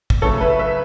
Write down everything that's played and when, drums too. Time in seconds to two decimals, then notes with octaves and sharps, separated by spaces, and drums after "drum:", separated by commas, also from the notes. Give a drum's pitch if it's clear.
0.10 drum: kick
0.22 C#3 F#3 A3 A4 C#5
0.41 B4 E5
0.59 B4 E5